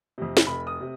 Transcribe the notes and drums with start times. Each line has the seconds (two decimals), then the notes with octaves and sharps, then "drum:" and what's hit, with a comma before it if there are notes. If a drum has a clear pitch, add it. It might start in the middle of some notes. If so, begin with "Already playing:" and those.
0.18 F2 C3
0.37 drum: snare
0.47 F1 B5
0.67 D#6
0.81 C3